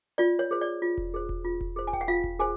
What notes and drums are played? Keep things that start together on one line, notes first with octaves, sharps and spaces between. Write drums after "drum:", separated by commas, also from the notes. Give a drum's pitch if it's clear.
F4 D5
C#5
G#4 C5
D5
F4
drum: kick E1
G#4 C5
drum: kick E1
F4
drum: kick E1
G#4 C5
G#5
G5, drum: kick E1
F#5
F4 F5
drum: kick E1
G#4 C5 G#5